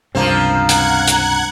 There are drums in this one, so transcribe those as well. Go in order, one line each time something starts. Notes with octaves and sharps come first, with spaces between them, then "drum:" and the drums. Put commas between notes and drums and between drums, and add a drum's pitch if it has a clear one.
C#2 G2 C3 F3 A#3 C4
F#5 A#5 F#6 G#6, drum: hi-hat
drum: hi-hat